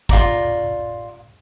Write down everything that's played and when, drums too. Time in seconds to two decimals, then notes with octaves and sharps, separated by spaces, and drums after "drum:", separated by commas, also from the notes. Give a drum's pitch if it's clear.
0.09 F4 D5 A#5, drum: kick